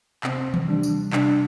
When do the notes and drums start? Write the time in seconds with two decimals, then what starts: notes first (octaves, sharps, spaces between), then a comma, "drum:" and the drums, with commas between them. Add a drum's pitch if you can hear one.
0.24 C3 C4, drum: clap
0.54 drum: tom D#3
0.68 G3 D4
0.83 drum: tambourine
1.13 C3 D4, drum: clap